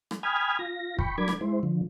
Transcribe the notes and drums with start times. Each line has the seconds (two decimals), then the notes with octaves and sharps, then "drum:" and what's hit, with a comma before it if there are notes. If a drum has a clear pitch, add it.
0.11 drum: rim click
0.23 G5 G#5 B5 D#6 F6 G#6
0.59 F4 A#6
0.98 G5 B5 C#6, drum: kick
1.18 F#3 D4 A#4 B5 D6 G#6
1.28 drum: rim click
1.41 G#3 E4 C5
1.63 D3 F3